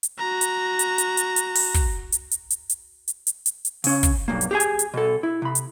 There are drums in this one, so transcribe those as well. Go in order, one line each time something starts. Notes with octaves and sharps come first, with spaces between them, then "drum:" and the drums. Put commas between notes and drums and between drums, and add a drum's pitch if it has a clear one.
drum: hi-hat
F#4 A#5
drum: hi-hat
drum: hi-hat
drum: hi-hat
drum: hi-hat
drum: hi-hat
drum: open hi-hat
drum: kick, hi-hat
drum: hi-hat
drum: hi-hat
drum: hi-hat
drum: hi-hat
drum: hi-hat
drum: hi-hat
drum: hi-hat
drum: hi-hat
C#3 C#4, drum: open hi-hat
drum: kick, hi-hat
B1 G2 A#3
drum: hi-hat
G4 G#4 G#5
drum: hi-hat
drum: hi-hat
B2 A4
E4
C3 B5
drum: hi-hat